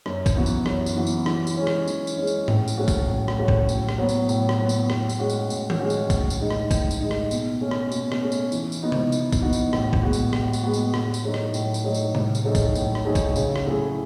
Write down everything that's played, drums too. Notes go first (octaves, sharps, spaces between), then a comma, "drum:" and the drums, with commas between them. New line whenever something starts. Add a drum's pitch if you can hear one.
F#2, drum: rim click
drum: kick A1, tambourine
E3 B3 F#4
drum: tambourine
F#2, drum: rim click
drum: tambourine
E3 B3 F#4
drum: tambourine
E3, drum: rim click
drum: tambourine
G#3 C#4
drum: rim click
E3, drum: tambourine
drum: tambourine
G#3 C#4
drum: tambourine
A2, drum: tom G#2
drum: tambourine
F#3 A3 C#4 F#4
drum: kick A1, tambourine
A2
drum: rim click
F#3 A3 C#4 F#4
drum: kick A1
A2, drum: tambourine
drum: rim click
F#3 B3
drum: tambourine
A2, drum: tambourine
drum: rim click
F#3 B3
drum: tambourine
A2, drum: rim click
drum: tambourine
G#3 C#4 F#4
drum: tambourine
A2, drum: tambourine
drum: tom D#3
G#3 C#4 F#4
drum: tambourine
A2, drum: kick A1, tambourine
drum: tambourine
G#3 D#4
drum: rim click
A2, drum: kick A1, tambourine
drum: tambourine
G#3 D#4
drum: rim click
B2, drum: tambourine
A3 C#4
drum: rim click
B2, drum: tambourine
drum: rim click
A3 C#4
drum: tambourine
E3, drum: tambourine
drum: tambourine
B3 D#4 F#4
drum: tom C3
E3, drum: tambourine
drum: kick A1, tambourine
B3 D#4 F#4
drum: tambourine
A2, drum: rim click
drum: kick A1
G#3 B3 F#4
drum: tambourine
A2, drum: rim click
drum: tambourine
G#3 B3 F#4
drum: tambourine
A2, drum: rim click
drum: tambourine
F#3 A3 D#4
drum: rim click
A2, drum: tambourine
drum: tambourine
F#3 A3 D#4
drum: tambourine
A2, drum: tom C3
drum: tambourine
F#3 A3 D#4 G#4
drum: kick A1, tambourine
A2, drum: tambourine
drum: rim click
F#3 A3 D#4 G#4
drum: kick A1, tambourine
C#3, drum: tambourine
drum: rim click
F#3 A3 E4 G#4